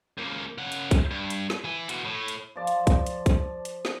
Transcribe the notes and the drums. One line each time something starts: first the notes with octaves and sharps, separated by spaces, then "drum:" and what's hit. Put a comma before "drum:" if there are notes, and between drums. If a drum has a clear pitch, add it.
C#2 A#3
C#3 F#5
drum: hi-hat
drum: kick, hi-hat
G2
drum: hi-hat
drum: snare
E3 G#5
E3 F#4, drum: hi-hat
A2
drum: hi-hat
F3 D5 A5
drum: hi-hat
drum: kick, hi-hat
drum: hi-hat
drum: kick, hi-hat
drum: hi-hat
drum: snare